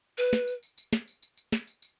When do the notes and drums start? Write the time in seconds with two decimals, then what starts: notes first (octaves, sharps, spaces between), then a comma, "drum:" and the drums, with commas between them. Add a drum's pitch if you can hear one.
0.18 B4, drum: tambourine
0.33 drum: snare
0.48 drum: tambourine
0.63 drum: tambourine
0.78 drum: tambourine
0.93 drum: snare
1.08 drum: tambourine
1.23 drum: tambourine
1.37 drum: tambourine
1.52 drum: snare
1.67 drum: tambourine
1.82 drum: tambourine